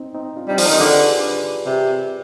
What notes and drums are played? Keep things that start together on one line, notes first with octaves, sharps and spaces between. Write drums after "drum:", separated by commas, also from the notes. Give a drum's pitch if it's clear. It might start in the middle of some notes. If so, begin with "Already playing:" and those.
Already playing: C4 D#4
C4 D#4
D4 F4
G3 C4 D#4
F3, drum: open hi-hat
D#3 D#4 G4
D3 F4 G#4
G4 B4
G#4 C5
B4 D5
C3